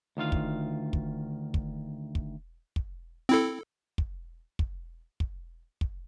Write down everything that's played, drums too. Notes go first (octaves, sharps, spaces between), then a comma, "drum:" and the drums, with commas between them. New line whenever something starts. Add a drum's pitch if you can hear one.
D2 D#3 F4 F5
drum: kick
drum: kick
drum: kick
drum: kick
drum: kick
C4 E4 A4
drum: kick
drum: kick
drum: kick
drum: kick